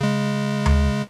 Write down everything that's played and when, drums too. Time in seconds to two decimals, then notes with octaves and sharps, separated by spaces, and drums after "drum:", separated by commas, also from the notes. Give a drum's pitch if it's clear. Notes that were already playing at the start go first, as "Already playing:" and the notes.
0.01 C#3 G#3
0.66 drum: tom D2